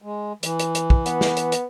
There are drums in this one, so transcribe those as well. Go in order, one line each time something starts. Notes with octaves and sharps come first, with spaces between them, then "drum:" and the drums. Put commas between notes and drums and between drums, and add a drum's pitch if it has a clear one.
G#3
E3, drum: hi-hat
drum: hi-hat
drum: hi-hat
drum: kick
B3, drum: hi-hat
drum: snare
drum: hi-hat
drum: hi-hat